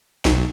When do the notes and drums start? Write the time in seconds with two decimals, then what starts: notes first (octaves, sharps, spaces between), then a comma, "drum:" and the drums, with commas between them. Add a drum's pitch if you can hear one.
0.25 B1, drum: snare